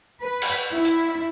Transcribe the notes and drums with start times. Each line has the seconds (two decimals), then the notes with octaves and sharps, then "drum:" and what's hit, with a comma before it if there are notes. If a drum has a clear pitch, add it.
0.22 B4
0.42 drum: cymbal
0.73 E4
0.85 drum: hi-hat